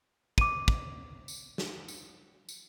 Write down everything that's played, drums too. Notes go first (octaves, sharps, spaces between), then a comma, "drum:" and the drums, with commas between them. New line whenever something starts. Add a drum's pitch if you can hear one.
D6 D#7, drum: kick
drum: kick
drum: tambourine
drum: snare
drum: tambourine
drum: tambourine